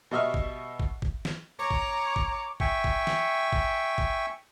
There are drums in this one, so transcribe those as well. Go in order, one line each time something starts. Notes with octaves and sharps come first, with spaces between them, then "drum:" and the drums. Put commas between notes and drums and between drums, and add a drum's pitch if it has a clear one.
B2 G3 D#5 E5 C#6 F6
drum: kick
drum: kick
drum: kick
drum: snare
C#5 A#5 D6
drum: kick
drum: kick
E5 G5 G#5 C#6, drum: kick
drum: kick
drum: snare
drum: kick
drum: kick